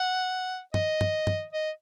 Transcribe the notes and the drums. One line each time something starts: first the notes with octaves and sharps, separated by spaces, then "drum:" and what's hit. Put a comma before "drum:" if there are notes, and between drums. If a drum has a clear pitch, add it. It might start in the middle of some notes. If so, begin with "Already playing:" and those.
Already playing: F#5
D#5, drum: tom
drum: tom
drum: tom
D#5